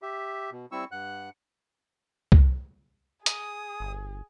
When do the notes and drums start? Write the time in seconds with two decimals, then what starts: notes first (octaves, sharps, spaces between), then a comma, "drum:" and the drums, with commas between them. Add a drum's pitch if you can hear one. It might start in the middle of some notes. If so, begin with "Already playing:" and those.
0.02 G4 E5
0.52 B2
0.72 G3 C4 E4 C#6 E6
0.92 G2 F#5 F#6
2.32 drum: kick
3.26 G#4 D#6, drum: hi-hat
3.80 G1